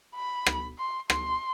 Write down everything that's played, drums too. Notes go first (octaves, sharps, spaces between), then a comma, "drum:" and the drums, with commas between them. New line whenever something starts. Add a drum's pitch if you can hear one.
B5
drum: rim click
C6
C6, drum: rim click